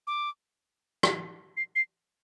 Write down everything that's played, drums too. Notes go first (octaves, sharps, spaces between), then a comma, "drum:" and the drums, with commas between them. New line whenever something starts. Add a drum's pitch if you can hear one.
D6
drum: rim click
C7
C7